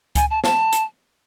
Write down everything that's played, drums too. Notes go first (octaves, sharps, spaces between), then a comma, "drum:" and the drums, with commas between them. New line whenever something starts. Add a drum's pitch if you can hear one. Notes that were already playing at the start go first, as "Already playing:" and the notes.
G#5, drum: kick C#2, hi-hat
A5
A5, drum: snare
drum: hi-hat